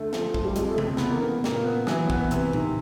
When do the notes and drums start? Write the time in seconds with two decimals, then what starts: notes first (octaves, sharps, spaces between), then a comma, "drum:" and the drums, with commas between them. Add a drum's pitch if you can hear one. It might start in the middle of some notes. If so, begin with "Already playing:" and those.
Already playing: D2 A3
0.13 F3, drum: snare
0.34 F3, drum: kick
0.45 G3
0.56 F2 G#3, drum: hi-hat
0.71 A3
0.78 F2, drum: tom C3
0.86 C4
0.97 E3 B3, drum: snare
1.11 A#3
1.22 C#3 B3
1.44 A#2 A#3, drum: snare
1.65 B3
1.87 E3 F#3, drum: snare
2.10 B3, drum: kick
2.31 C3, drum: hi-hat
2.53 D#3, drum: tom A2